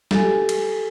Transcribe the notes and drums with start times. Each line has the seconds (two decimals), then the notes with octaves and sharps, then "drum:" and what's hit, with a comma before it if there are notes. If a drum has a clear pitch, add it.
0.11 G4 A4 G#5, drum: snare
0.49 drum: cymbal